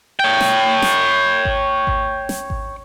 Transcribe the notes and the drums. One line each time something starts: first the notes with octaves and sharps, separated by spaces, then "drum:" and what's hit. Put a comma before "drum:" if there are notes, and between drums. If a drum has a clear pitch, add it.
C#5 G5
drum: snare
drum: snare
drum: kick G#1
drum: kick G#1
drum: snare
drum: kick G#1